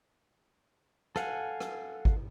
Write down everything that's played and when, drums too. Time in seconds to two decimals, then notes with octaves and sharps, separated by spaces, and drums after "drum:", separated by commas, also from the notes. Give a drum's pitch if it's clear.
1.16 A4 F5 F#5 G#5, drum: rim click
1.60 drum: rim click
2.05 drum: kick G#1